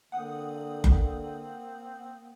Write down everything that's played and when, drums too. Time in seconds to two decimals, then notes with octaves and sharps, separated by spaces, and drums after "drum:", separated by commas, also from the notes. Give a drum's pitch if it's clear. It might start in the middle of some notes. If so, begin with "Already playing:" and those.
0.12 D3 A#3 C4 F#5 D#6
0.84 drum: kick F#1